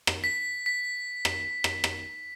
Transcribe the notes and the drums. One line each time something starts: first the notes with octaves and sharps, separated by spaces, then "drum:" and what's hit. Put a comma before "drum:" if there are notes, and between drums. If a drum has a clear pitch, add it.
drum: rim click
B6
B6
drum: rim click
drum: rim click
drum: rim click